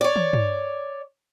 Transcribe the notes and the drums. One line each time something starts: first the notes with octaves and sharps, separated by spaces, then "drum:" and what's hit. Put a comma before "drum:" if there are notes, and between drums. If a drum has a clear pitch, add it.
C#5 D5
drum: tom
drum: tom